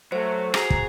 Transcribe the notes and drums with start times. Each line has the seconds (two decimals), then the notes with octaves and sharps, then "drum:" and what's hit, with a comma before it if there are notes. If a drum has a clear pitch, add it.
0.12 F#3 A3 C5
0.54 F#4 G#4 A#5, drum: rim click
0.70 drum: kick